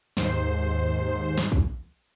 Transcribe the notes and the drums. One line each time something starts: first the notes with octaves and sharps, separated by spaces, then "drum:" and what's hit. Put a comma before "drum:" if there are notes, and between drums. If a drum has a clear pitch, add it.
D#2 G#2 C5, drum: snare
drum: snare
drum: kick